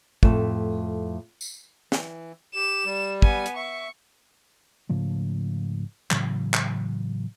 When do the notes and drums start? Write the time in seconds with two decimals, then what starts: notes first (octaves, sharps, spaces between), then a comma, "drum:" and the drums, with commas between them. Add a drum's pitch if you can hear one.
0.23 F2 A2 A3 A5, drum: kick
1.41 drum: tambourine
1.92 E3, drum: snare
2.55 G4 E7
2.85 G3
3.22 B3 G#5, drum: kick
3.46 drum: hi-hat
3.56 E5 C#6
4.89 G#2 C#3 F3 A3
6.11 A2 C#3 E3 F#3, drum: clap
6.54 drum: clap